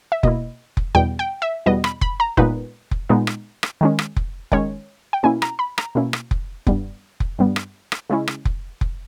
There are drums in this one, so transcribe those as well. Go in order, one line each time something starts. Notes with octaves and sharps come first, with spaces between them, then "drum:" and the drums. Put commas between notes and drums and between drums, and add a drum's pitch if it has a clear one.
E5
B2 A#3 E4 D#5, drum: kick F1
drum: kick F1
E2 B2 G3 B3 G5
G5
E5
E2 B2 G3 B3 D#5
B5, drum: rim click
B5, drum: kick F1
A#5
A#2 G#3 B3 D#4 B4, drum: kick F1
drum: kick F1
A#2 G#3 B3 D#4
drum: rim click
drum: rim click
D#3 G#3 C#4
drum: rim click
drum: kick F1
D#3 G#3 C#4 C#5, drum: kick F1
G5
B2 A#3 C#4 E4 G#5
A#5, drum: rim click
B5
A#5, drum: rim click
B2 A#3 C#4 E4
drum: rim click
drum: kick F1
G2 G3 B3, drum: kick F1
drum: kick F1
G2 G3 B3
drum: rim click
drum: rim click
C#3 G#3 C#4 E4
drum: rim click
drum: kick F1
drum: kick F1